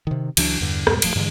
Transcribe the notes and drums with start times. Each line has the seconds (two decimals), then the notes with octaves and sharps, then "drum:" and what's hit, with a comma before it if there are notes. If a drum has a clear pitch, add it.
0.07 C3 D#3
0.37 C#2 E3 F#3 D4, drum: cymbal
0.61 E2 G2 D3
0.87 E2 G#2 B2 G3, drum: rim click
1.02 D1 F3 A3, drum: cymbal
1.16 G2 D3 E3 G#3